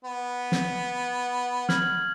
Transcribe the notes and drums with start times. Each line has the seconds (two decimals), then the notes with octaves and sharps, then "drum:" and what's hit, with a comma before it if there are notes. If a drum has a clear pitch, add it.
0.04 B3
0.52 drum: snare
1.69 F6 G#6 F#7, drum: snare